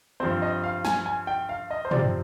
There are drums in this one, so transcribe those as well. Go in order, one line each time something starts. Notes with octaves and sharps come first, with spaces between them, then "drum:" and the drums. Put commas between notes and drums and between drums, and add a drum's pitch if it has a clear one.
G2 F3 C4 C5
D#5
F5
G#5, drum: snare
G#5
G5
F5
D#5
C5
C3 F3 C4 D5, drum: tom